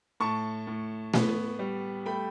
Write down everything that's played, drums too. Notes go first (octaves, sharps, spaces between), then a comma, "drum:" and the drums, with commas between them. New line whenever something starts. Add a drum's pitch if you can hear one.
A2 A5 C#6
A2
B3, drum: snare A3
G3
A3 G5 B5